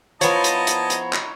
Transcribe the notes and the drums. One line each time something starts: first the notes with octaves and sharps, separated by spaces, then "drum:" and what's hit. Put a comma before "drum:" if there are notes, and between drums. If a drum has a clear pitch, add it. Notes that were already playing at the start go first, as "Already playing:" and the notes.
F3 B3 E4 C#5 D#5 A5 A#5, drum: hi-hat
drum: hi-hat
drum: hi-hat
drum: hi-hat
drum: clap